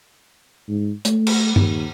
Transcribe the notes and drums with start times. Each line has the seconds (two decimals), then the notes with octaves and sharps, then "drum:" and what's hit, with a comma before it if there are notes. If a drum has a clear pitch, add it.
0.69 G#2
1.05 A3, drum: hi-hat
1.27 drum: cymbal
1.56 D#2, drum: tom G2